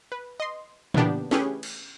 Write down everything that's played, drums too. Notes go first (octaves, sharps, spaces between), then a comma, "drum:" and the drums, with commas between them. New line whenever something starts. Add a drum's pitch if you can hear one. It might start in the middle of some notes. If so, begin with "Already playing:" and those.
B4
D#5 C6
C#3 E3 A#3 B3 D4 G4, drum: tom
A3 C#4 E4 G4 G#4 B4, drum: snare
drum: cymbal